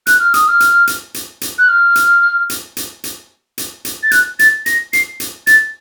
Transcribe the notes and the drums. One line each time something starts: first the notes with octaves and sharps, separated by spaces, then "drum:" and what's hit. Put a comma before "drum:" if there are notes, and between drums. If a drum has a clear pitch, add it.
F#6, drum: hi-hat
F6
D#6, drum: hi-hat
F6
drum: hi-hat
drum: hi-hat
drum: hi-hat
drum: hi-hat
F#6
F6
drum: hi-hat
drum: hi-hat
drum: hi-hat
drum: hi-hat
drum: hi-hat
drum: hi-hat
A6
F#6, drum: hi-hat
A6, drum: hi-hat
A#6, drum: hi-hat
C7, drum: hi-hat
drum: hi-hat
A6, drum: hi-hat